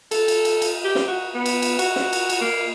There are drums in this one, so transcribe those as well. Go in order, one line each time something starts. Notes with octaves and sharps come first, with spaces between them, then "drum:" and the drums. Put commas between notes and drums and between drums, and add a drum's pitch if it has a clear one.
A4, drum: cymbal
drum: cymbal
drum: cymbal
drum: cymbal
G4
drum: snare
F#4
B3
drum: cymbal
drum: cymbal
F#4, drum: cymbal
drum: snare
drum: cymbal
drum: cymbal
A#3